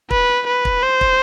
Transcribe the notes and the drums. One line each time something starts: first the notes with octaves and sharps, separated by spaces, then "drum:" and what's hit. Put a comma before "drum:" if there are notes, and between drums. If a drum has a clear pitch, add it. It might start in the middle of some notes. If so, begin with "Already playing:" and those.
B4, drum: kick
B4
drum: kick
C5
drum: kick